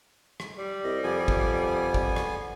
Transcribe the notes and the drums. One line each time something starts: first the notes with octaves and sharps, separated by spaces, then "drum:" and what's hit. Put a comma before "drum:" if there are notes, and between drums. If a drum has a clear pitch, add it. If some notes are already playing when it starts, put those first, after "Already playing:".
drum: rim click
G3
C2 D#5
F2 B3 G#5
drum: kick
drum: kick
drum: rim click